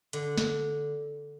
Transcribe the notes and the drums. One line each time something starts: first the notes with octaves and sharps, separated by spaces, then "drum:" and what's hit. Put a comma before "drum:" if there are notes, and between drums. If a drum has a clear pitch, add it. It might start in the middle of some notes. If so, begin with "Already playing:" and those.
D3, drum: hi-hat
drum: snare